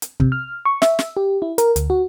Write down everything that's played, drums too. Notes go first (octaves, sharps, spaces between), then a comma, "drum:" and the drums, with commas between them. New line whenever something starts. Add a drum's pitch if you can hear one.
drum: hi-hat
C3, drum: kick
F6
C#6
E5, drum: snare
drum: snare
G4
E4
A#4, drum: hi-hat
D2, drum: hi-hat
F#4